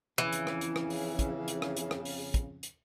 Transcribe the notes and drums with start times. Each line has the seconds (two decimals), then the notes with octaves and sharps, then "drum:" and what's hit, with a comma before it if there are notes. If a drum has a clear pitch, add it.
0.18 F2 C#3 E3
0.33 drum: hi-hat
0.47 drum: rim click
0.61 drum: hi-hat
0.76 drum: rim click
0.90 drum: open hi-hat
1.19 drum: kick, hi-hat
1.48 drum: hi-hat
1.62 drum: rim click
1.77 drum: hi-hat
1.91 drum: rim click
2.05 drum: open hi-hat
2.34 drum: kick, hi-hat
2.63 drum: hi-hat